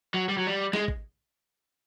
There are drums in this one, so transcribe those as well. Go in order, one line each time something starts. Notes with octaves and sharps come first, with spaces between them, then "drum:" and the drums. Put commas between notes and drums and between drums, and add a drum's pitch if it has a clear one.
F#3
G3
F#3
G3
G#3, drum: snare
drum: kick G#1